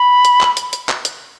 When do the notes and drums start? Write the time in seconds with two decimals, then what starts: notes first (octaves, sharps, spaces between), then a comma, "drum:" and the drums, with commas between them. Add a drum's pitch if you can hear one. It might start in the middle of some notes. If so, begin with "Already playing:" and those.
Already playing: B5
0.25 drum: hi-hat
0.41 drum: clap
0.57 drum: hi-hat
0.73 drum: hi-hat
0.89 drum: clap
1.05 drum: hi-hat